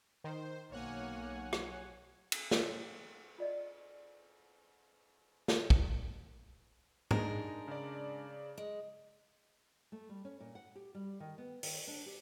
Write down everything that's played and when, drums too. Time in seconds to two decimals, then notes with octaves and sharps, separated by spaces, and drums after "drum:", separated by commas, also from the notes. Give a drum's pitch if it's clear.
0.24 D#3 C5
0.72 B1 A#3 C#5 F#5 G#5
1.53 drum: rim click
2.32 drum: cymbal
2.51 drum: snare
3.38 F4 D5 D#5
5.48 drum: snare
5.70 drum: kick
7.11 G#3 D4 D#4 A#4, drum: tom G#2
7.68 C#3 D5
8.58 G#3
9.92 A3
10.09 G3
10.25 C#4
10.40 A#2
10.55 F#5
10.75 G4
10.95 G3
11.20 D#3
11.38 B3
11.63 D#3, drum: open hi-hat
11.87 D4
12.06 G4